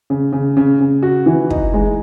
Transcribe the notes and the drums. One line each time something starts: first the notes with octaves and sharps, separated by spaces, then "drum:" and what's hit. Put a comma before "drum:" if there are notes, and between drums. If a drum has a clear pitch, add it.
C#3
C#3
C#3
C#3
F#4
E3
D#4, drum: kick
G#3